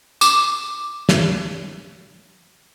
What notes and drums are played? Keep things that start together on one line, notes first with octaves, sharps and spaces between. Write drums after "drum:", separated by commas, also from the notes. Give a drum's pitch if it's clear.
D6 E7, drum: tambourine
drum: snare